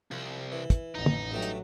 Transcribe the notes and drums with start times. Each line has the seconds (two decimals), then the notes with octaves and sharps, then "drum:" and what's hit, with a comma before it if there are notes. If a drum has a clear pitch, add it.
0.11 C2 F3
0.52 E3
0.70 drum: kick, hi-hat
0.95 A1 F2 D#4
1.06 drum: tom
1.32 G2 F#3 A3 G5
1.42 drum: hi-hat